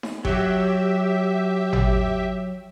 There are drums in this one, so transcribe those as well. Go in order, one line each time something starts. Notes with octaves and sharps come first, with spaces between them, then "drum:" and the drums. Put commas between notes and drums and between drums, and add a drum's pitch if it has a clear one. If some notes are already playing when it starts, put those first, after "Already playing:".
drum: snare D#4
F#3 G4 E5, drum: kick G1
drum: tom G#1